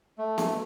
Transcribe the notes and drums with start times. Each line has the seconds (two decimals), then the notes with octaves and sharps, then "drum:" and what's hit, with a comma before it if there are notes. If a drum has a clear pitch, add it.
0.18 A3
0.38 drum: snare B3